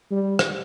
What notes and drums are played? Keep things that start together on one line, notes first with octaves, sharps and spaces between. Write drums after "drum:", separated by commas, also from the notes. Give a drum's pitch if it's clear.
G3
drum: rim click